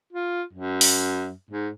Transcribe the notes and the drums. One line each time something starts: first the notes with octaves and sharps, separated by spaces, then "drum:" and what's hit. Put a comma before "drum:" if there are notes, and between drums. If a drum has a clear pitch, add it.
F4
F#2
drum: open hi-hat
G#2